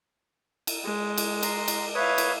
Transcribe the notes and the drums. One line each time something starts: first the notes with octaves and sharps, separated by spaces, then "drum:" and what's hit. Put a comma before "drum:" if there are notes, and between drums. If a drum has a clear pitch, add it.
drum: cymbal
G#3
drum: cymbal
A#5 C6, drum: cymbal
drum: cymbal
B4 C#5 E5 F5 D#6
drum: cymbal